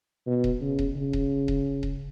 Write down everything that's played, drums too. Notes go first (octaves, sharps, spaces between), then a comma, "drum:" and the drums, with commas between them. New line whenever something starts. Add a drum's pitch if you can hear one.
B2
drum: kick D#1
C#3
drum: kick D#1
C#3
drum: kick D#1
drum: kick D#1
drum: kick D#1